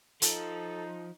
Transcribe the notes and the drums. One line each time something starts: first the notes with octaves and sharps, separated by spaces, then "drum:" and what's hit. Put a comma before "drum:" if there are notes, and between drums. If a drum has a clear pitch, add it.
F3 D#4 A4, drum: hi-hat